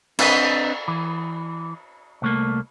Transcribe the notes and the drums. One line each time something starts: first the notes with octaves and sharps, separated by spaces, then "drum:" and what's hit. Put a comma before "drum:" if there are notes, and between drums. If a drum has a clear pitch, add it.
C4 D4 B4 D#5, drum: cymbal
E3
C2 A3 A#3